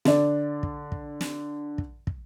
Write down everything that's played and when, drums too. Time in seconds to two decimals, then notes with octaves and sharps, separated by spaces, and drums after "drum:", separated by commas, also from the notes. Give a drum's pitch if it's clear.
0.05 D3 D5, drum: snare
0.63 drum: kick
0.92 drum: kick
1.21 drum: snare
1.78 drum: kick
2.07 drum: kick